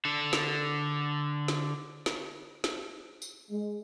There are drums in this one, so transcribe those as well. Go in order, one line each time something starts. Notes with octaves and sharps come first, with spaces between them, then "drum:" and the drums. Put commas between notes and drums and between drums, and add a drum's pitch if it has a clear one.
D3 A4
drum: snare
drum: snare
drum: snare
drum: snare
drum: tambourine
G#3